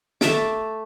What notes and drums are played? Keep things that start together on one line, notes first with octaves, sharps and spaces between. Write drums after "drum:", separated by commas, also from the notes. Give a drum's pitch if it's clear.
A3 E5 A5 D6, drum: snare